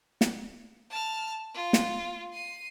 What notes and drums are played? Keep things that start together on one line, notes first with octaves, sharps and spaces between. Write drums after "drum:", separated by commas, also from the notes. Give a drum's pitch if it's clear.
drum: snare
A5 F6
F4
drum: snare
C7 D#7